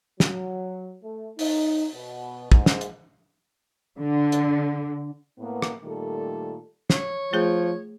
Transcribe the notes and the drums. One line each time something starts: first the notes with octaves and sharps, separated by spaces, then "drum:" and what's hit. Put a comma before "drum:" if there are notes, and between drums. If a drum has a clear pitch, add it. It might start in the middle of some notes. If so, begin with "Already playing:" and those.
F#3, drum: snare
A3
D#4, drum: open hi-hat
B2
G#2, drum: kick
drum: snare
drum: hi-hat
D3
drum: hi-hat
A2 A#3 B3
drum: rim click
A#2 D#3 G3 A3 A4
C#5, drum: snare
F3 A3 G#4 G6